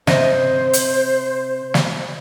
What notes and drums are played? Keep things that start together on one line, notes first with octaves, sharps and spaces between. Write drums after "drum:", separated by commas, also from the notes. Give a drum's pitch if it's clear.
C3 C5 D#5, drum: snare
drum: hi-hat
drum: snare